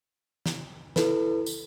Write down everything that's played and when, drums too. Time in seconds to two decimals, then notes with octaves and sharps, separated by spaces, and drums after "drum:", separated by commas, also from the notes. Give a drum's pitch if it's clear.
0.46 drum: snare
0.96 E4 A4 B4, drum: snare
1.46 drum: tambourine